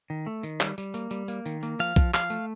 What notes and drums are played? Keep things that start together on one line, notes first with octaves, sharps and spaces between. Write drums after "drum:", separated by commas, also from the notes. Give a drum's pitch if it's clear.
D#3
A3
D#3, drum: tambourine
G3, drum: clap
G3, drum: tambourine
A#3, drum: tambourine
G3, drum: tambourine
A#3, drum: tambourine
D#3, drum: tambourine
A#3, drum: tambourine
F3 F5, drum: tambourine
F3, drum: kick B1, tambourine
F3 F5, drum: clap
A3, drum: tambourine